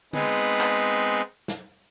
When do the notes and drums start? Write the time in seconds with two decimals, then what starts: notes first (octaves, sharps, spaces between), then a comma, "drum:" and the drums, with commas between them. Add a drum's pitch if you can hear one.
0.13 G#3 B3 C4 D#4 G#4 B4, drum: tom D3
0.60 drum: clap
1.48 drum: snare